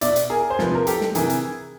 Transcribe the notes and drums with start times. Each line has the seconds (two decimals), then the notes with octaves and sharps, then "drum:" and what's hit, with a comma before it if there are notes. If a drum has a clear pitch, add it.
0.01 B2 D5 E5, drum: hi-hat
0.16 drum: hi-hat
0.30 G#4 A#4
0.50 C5
0.59 C3 F3 B4, drum: snare
0.75 A#4
0.87 G4 A4, drum: hi-hat
1.01 drum: snare
1.15 C3 E3 G#4 A#4, drum: hi-hat
1.30 drum: hi-hat